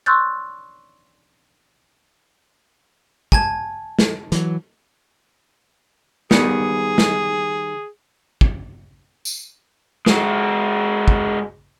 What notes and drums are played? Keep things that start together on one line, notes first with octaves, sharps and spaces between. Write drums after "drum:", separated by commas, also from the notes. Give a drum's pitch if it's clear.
C6 C#6 E6 F#6 G6 A6
G#5 A5 G#6, drum: kick
drum: snare
E3 F#3, drum: hi-hat
D#3 G3 B3 G#4, drum: snare
drum: snare
drum: kick
drum: tambourine
G#3 F#4, drum: snare
drum: kick